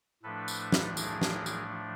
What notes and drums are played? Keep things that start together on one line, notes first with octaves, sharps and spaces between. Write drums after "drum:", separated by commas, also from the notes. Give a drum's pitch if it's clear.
A2 F3 A3 D4 A4 B4
drum: tambourine
drum: snare
G#4 A#4, drum: tambourine
drum: snare
drum: tambourine